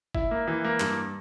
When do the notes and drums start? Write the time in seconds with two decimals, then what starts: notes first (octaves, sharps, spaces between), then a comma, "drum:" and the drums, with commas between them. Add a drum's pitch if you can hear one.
0.15 E4, drum: kick G1
0.31 A#3
0.48 E3
0.64 A#3
0.80 G2, drum: clap